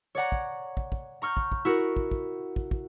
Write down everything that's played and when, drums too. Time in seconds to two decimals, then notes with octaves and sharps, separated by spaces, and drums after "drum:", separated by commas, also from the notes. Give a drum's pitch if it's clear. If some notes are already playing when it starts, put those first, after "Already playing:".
0.15 C#5 D5 F#5 A#5
0.32 drum: kick
0.77 drum: kick
0.92 drum: kick
1.22 A#5 C#6 F6 G6
1.37 drum: kick
1.52 drum: kick
1.65 E4 F#4 A#4
1.97 drum: kick
2.11 drum: kick
2.56 drum: kick
2.71 drum: kick